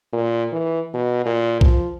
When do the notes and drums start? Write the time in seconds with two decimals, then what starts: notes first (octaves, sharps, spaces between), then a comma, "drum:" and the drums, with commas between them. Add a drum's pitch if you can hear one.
0.13 A#2
0.52 E3
0.94 B2
1.26 A#2
1.61 F3, drum: kick B1